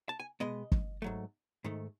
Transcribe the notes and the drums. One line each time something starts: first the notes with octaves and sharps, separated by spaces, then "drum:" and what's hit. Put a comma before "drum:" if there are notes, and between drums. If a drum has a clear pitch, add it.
A5
G#5
B2 G#3 B3 D#5
drum: kick
G#2 F#3 A3
G#2 D#3 A3